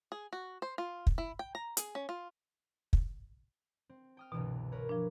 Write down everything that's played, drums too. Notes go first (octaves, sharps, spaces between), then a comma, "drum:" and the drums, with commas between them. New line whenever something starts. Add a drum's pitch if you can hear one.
G#4
F#4
C5
F4
drum: kick
E4
G5
A#5
G#4, drum: hi-hat
C#4
F4
drum: kick
C4
G5 D#6 F6
G1 C2 B2 E3
A#4 B4 C#5
F3 D4